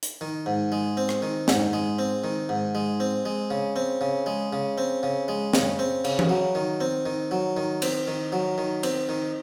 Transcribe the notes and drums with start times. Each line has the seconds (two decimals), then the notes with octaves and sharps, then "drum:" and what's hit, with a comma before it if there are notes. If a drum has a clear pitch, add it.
0.03 drum: hi-hat
0.21 D#3
0.46 G#2
0.72 G#3
0.97 C4
1.09 drum: rim click
1.22 D#3
1.48 G#2, drum: snare
1.73 G#3
1.99 C4
2.24 D#3
2.49 G#2
2.75 G#3
3.00 C4
3.25 G#3
3.51 C#3
3.76 C4
4.01 C#3
4.26 G#3
4.53 C#3
4.78 C4
5.03 C#3
5.28 G#3
5.53 C#3, drum: snare
5.79 C4
6.04 C#3, drum: cymbal
6.19 drum: tom E3
6.29 F#3
6.55 D#3
6.80 C4
7.06 D#3
7.31 F#3
7.57 D#3
7.82 C4, drum: cymbal
8.07 D#3
8.32 F#3
8.58 D#3
8.83 C4, drum: cymbal
9.09 D#3